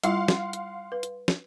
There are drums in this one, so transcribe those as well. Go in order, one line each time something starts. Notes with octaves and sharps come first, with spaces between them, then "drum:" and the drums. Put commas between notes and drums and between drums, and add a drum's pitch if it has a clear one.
G3 E4 F4 F5 F#5 C6, drum: hi-hat
drum: snare
drum: hi-hat
B4
drum: hi-hat
drum: snare